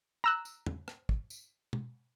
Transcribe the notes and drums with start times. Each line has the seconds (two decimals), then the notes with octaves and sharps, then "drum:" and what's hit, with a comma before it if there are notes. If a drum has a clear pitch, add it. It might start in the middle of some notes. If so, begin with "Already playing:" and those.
0.24 A#5 E6 F#6
0.45 drum: tambourine
0.66 drum: tom
0.88 drum: rim click
1.09 drum: kick
1.30 drum: tambourine
1.73 drum: tom B2